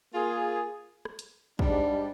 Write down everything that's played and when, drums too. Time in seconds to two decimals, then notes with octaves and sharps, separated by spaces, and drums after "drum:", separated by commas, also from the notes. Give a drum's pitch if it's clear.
0.13 A#3 F4 G#4
1.05 drum: rim click
1.19 drum: hi-hat
1.59 G#2 G3 D4, drum: kick